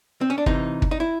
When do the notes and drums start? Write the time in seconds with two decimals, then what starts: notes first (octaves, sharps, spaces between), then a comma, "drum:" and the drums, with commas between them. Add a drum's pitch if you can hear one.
0.21 C4
0.30 C#4
0.38 D4
0.46 C3 E3 D#4, drum: kick
0.82 drum: kick
0.91 D#4
1.00 E4